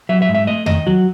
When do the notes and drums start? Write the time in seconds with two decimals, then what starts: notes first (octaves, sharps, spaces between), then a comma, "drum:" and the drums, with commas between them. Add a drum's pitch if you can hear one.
0.09 F#3 E5
0.22 E5
0.29 G#2
0.35 E5
0.47 A3 D#5
0.66 D#3 D#5, drum: tom E2
0.86 F#3 F#4